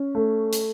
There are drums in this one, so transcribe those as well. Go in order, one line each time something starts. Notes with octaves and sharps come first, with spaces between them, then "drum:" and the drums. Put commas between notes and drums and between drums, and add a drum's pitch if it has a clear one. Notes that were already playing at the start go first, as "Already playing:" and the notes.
Already playing: C#4
A3
drum: hi-hat